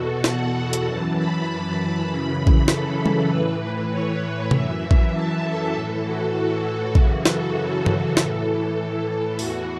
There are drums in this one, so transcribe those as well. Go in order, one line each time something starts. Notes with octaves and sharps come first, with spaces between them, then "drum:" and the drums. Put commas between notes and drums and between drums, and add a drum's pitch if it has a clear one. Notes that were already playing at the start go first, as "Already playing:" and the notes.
Already playing: E2 B2 F#4 A4
F#5, drum: snare
drum: hi-hat
F#2 E3 A5
B5
A5
F#2 C#3 E3 B5
drum: kick A#1
A4, drum: snare
drum: tom
A2 E3 B4
C#5
F#2 E3 E5, drum: tom C3
drum: kick A#1
A5
A4
A2 E3
F#4
F#4
F#2 C#3 E3, drum: kick A#1
A4, drum: snare
A4, drum: tom G2
A2 E3 A4, drum: snare
E2 E3 F#4, drum: open hi-hat